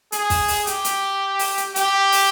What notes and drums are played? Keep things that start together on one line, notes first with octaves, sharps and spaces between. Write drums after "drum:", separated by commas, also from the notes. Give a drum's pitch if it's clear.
G#4, drum: hi-hat
drum: kick, open hi-hat
drum: open hi-hat
G4, drum: hi-hat
drum: hi-hat
drum: open hi-hat
drum: hi-hat
G4, drum: hi-hat
drum: open hi-hat